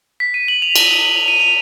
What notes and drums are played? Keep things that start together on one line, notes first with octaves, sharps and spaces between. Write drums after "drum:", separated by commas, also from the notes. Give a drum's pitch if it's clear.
B6
D#7
F#7
F7
F#7, drum: cymbal
F#7
F7
D#7
F7